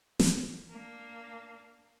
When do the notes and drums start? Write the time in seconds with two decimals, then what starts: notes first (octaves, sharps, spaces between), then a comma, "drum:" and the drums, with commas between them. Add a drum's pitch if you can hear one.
0.20 drum: snare
0.69 A#3 D4